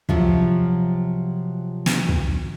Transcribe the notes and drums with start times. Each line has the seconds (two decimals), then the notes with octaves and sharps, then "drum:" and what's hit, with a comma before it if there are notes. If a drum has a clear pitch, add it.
0.09 C3 F3 F#3 F4, drum: kick
1.86 drum: snare
2.09 drum: kick